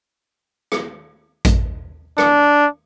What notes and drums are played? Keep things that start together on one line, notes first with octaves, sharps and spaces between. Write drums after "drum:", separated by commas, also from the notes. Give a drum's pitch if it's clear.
drum: rim click
drum: kick A1, hi-hat
D4, drum: rim click